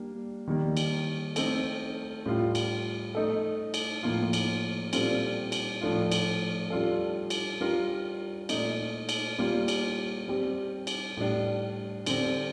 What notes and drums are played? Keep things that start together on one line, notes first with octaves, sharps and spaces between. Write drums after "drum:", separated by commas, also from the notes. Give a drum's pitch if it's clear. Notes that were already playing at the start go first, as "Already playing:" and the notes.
Already playing: G3 A#3 D4
D#3 G3 A#3
drum: cymbal
A3 C4 D#4 A4, drum: cymbal
A2 G3 D4 F4
drum: cymbal
A3 D#4 A4
drum: cymbal
A2 F3 A#3 F4
drum: cymbal
A#2 G3 C4 F4 A4, drum: cymbal
drum: cymbal
A2 F3 A3 D4 F4
drum: cymbal
G3 D4 F4 A4
drum: cymbal
G3 D4 F4 A#4
A#2 A3 D#4, drum: cymbal
drum: cymbal
G3 A#3 F4
drum: cymbal
G3 C4 G4
drum: cymbal
A2 G3 D4
D3 G3 C4, drum: cymbal